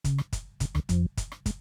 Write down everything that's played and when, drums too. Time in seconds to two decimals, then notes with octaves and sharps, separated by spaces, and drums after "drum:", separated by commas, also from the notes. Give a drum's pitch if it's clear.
0.05 C#3, drum: kick, hi-hat
0.18 drum: rim click
0.33 drum: kick, hi-hat
0.60 C#3, drum: kick, hi-hat
0.75 D2 D3, drum: rim click
0.89 F2 F3, drum: kick, hi-hat
1.17 drum: kick, hi-hat
1.32 drum: rim click
1.46 G#3, drum: kick, hi-hat